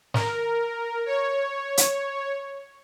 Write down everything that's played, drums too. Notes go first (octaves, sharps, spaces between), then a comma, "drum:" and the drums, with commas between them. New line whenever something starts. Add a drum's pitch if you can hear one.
A#4, drum: snare
C#5
drum: hi-hat